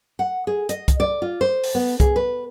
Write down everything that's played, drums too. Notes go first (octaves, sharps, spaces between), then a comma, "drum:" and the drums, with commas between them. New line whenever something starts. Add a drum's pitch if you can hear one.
F#5
G#4
D#5, drum: hi-hat
drum: kick, hi-hat
D5
F4
C5
drum: open hi-hat
B3
G#4, drum: kick, hi-hat
B4